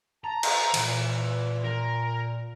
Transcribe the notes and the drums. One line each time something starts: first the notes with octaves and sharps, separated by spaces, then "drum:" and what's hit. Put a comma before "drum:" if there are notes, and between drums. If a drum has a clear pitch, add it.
A5 A#5
drum: cymbal
A#2 E3, drum: cymbal
A#4